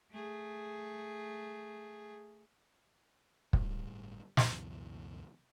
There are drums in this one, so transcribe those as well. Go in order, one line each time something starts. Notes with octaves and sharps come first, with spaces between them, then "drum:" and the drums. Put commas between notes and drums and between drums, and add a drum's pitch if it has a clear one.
A3 G#4
G1 A2 G3, drum: kick
C#2 F#2 B2 E3, drum: snare